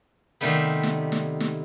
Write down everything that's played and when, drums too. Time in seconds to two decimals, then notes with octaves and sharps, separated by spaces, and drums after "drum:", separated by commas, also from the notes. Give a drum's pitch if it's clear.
0.41 C3 D#3 G3 A3 B3
0.83 drum: snare
1.12 drum: snare
1.40 drum: snare